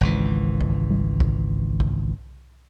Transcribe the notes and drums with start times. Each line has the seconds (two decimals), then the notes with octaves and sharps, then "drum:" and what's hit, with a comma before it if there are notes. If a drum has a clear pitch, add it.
0.01 G#1 C#2 E3
0.61 drum: kick
0.90 drum: tom G3
1.20 drum: kick
1.80 drum: kick